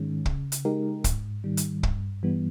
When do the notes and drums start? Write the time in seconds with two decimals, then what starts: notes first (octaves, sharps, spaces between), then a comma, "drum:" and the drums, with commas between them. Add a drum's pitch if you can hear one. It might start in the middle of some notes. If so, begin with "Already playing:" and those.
Already playing: G#2 D#3 G#3 C#4
0.26 C#3, drum: kick
0.52 drum: hi-hat
0.65 G#3 D#4 G4 A#4
1.04 G#2, drum: kick, hi-hat
1.44 D#3 G3
1.57 drum: hi-hat
1.83 G2, drum: kick
2.23 E3 G3 B3